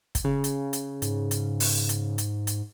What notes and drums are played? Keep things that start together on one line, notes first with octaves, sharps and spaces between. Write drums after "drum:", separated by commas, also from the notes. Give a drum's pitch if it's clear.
drum: kick, hi-hat
C#3
drum: hi-hat
drum: hi-hat
G#2, drum: hi-hat
drum: hi-hat
drum: open hi-hat
drum: hi-hat
drum: hi-hat
drum: hi-hat